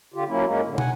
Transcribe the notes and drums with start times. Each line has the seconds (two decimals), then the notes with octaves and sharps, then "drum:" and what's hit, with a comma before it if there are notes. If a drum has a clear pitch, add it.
0.14 D3 F4 G4
0.29 F#3 A#3 C#4 E4
0.46 F#2 G#3 A#3 C#4
0.66 A2 D3
0.78 F#5 G#5, drum: tom